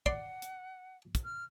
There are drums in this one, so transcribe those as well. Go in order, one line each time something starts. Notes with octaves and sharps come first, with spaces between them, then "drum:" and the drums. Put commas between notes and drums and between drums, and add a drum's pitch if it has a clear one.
D5 F#5 C6, drum: kick
drum: hi-hat
drum: kick, hi-hat
F6